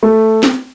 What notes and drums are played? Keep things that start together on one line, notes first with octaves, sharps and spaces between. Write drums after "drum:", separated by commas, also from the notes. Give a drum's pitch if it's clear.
A3
drum: snare C4